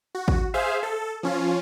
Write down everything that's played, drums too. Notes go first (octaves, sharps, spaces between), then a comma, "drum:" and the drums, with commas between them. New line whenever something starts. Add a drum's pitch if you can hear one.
F#4
drum: kick
G#4 C5 E5 F5
A4
F3 C#4 F4